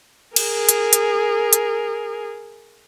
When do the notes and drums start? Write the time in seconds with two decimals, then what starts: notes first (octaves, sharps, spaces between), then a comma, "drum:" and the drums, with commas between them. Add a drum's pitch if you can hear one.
0.36 G#4 A#4, drum: cymbal
0.69 drum: hi-hat
0.93 drum: hi-hat
1.53 drum: hi-hat